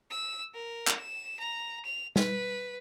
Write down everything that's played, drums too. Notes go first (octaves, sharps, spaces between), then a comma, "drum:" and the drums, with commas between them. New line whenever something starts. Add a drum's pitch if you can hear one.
E6
A#4
drum: clap
E7
A#5
F7
B4, drum: snare